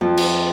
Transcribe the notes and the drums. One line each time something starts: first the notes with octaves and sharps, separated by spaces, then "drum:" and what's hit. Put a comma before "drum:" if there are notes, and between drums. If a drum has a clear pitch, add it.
F2
drum: cymbal